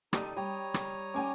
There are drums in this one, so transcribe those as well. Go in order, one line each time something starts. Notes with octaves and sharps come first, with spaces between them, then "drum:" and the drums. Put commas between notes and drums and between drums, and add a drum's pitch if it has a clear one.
D#4 G4 A4 D5 D#6, drum: rim click
G3 C#5 G5 A#5 D#6
drum: rim click
C#4 G5 G#5 D6